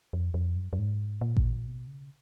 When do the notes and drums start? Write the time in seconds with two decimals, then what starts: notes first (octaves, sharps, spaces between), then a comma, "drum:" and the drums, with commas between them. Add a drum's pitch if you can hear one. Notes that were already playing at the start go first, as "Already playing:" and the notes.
0.13 F2
0.34 F2
0.56 F#2
0.73 F#2
0.79 G#2
1.21 A#2
1.37 drum: kick A1
1.66 B2
1.87 C#3